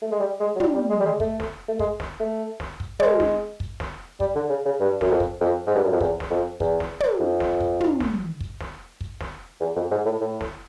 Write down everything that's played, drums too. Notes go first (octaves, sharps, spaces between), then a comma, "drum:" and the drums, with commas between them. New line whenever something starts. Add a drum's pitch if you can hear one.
A3
G#3
G3
G#3
F#3
G3, drum: tom
G3
G#3
G3
G#3
A3, drum: kick
drum: snare
A3
G#3, drum: kick
drum: snare
A3
drum: snare
drum: kick
G#3, drum: tom
drum: snare
drum: kick
drum: snare
G3, drum: kick
D3
C#3
C#3
G2
F#2, drum: snare
F2
drum: kick
F2
G#2
G2
F#2
F2
E2, drum: kick
drum: snare
F2
E2, drum: kick
drum: snare
drum: tom
F2
drum: snare
drum: kick
drum: tom
drum: snare
drum: kick
drum: snare
drum: kick
drum: snare
E2
F2
G#2
A2
A2
drum: snare